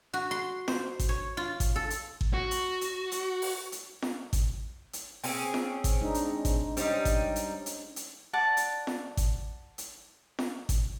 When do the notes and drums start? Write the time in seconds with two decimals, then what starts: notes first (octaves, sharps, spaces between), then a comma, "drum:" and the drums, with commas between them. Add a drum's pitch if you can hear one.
0.14 F#4
0.31 C6
0.68 C5, drum: snare F4
0.99 drum: kick G#1, hi-hat
1.09 C#5
1.37 F4
1.60 drum: kick G#1, hi-hat
1.76 A4
1.90 drum: hi-hat
2.21 drum: kick G#1
2.34 F#4
2.51 drum: hi-hat
2.81 drum: hi-hat
3.12 drum: hi-hat
3.42 drum: open hi-hat
3.72 drum: hi-hat
4.02 drum: snare F4
4.33 drum: kick G#1, hi-hat
4.93 drum: hi-hat
5.24 C4 C#4 G#4, drum: open hi-hat
5.54 drum: snare F4
5.84 drum: kick G#1, hi-hat
6.01 G#3 D4 D#4
6.14 drum: hi-hat
6.45 drum: kick G#1, hi-hat
6.77 G3 C#4 D#4 C5, drum: hi-hat
7.05 drum: kick G#1, hi-hat
7.36 drum: hi-hat
7.66 drum: hi-hat
7.96 drum: hi-hat
8.33 D5 F#5 A5
8.57 drum: hi-hat
8.87 drum: snare F4
9.17 drum: kick G#1, hi-hat
9.78 drum: hi-hat
10.39 drum: snare F4
10.69 drum: kick G#1, hi-hat